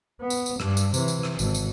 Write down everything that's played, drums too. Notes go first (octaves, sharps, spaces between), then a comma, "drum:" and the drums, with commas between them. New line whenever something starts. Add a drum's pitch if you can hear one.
B3
drum: tambourine
drum: tambourine
G2, drum: rim click
drum: tambourine
C3 E3, drum: tambourine
drum: tambourine
drum: rim click
G#1, drum: tambourine
drum: tambourine